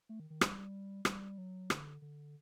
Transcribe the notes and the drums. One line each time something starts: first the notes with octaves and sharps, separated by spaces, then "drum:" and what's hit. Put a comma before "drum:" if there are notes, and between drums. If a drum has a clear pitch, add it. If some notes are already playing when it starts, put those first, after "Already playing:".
A3
D#3
D#3
G3, drum: rim click
G3, drum: rim click
F#3
D3, drum: rim click
D3